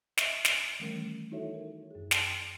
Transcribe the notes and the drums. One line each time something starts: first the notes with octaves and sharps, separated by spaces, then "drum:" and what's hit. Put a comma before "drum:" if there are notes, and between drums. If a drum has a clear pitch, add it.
D#5 E5 C#6, drum: snare
drum: snare
D#3 E3 G3 A3 C#4 A#4
D#4 E4 F#4 A4 C#5 E5
A#4
F#2 G#4
G5 A5 C6, drum: snare